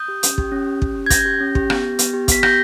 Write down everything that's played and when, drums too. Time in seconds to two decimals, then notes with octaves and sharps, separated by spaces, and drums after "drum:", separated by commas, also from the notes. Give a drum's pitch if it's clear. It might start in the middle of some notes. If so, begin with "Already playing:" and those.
Already playing: D#6 G6
0.08 G4
0.23 C#4, drum: hi-hat
0.38 G4, drum: kick
0.52 C#4
0.67 G4
0.82 C#4, drum: kick
0.95 G4
1.06 G#6
1.10 C#4 G6 A#6, drum: kick, hi-hat
1.26 G4
1.41 C#4
1.55 G4, drum: kick
1.70 B3, drum: rim click
1.84 G4
1.99 B3, drum: hi-hat
2.14 G4
2.28 B3 B6, drum: kick, hi-hat
2.43 G4 G6 A#6, drum: rim click